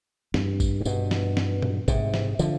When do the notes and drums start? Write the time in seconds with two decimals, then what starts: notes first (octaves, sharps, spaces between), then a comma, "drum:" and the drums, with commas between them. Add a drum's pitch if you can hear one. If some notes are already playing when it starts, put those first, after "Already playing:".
0.34 G2, drum: snare
0.60 drum: kick G#1, tambourine
0.81 G#2
0.85 G2 B2, drum: tambourine
1.11 drum: snare
1.37 drum: snare
1.62 drum: tom A#2
1.88 G#2 C3, drum: kick G#1, tambourine
2.14 drum: snare
2.39 D3 F3, drum: tambourine